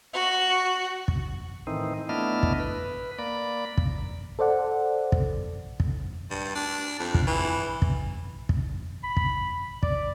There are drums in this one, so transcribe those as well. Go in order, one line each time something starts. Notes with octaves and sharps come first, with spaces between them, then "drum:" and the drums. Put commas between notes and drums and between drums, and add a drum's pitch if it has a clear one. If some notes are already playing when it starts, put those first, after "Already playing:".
F#4
drum: kick
A2 D#3 E3 C4 D#4
A3 B3 D4 E4 D#5 F6
drum: kick
B4
A#3 D5 B5
drum: kick
A4 C5 D5 F#5
drum: kick
drum: kick
G2
D4
F2
drum: kick
E3
drum: kick
drum: kick
B5
drum: kick
D5, drum: kick